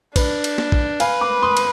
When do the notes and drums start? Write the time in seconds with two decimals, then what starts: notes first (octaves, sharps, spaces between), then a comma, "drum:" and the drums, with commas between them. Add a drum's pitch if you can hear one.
0.16 D4 B4, drum: kick, cymbal
0.44 drum: cymbal
0.58 drum: snare
0.72 drum: kick
1.00 B4 F5 G#5, drum: cymbal
1.21 B5 D6
1.42 C6 D#6
1.57 drum: cymbal